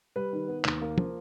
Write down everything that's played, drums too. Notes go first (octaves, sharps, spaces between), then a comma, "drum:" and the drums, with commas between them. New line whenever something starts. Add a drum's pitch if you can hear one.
G3 B4
D#3
B3
D#2, drum: clap
A#3
F3, drum: tom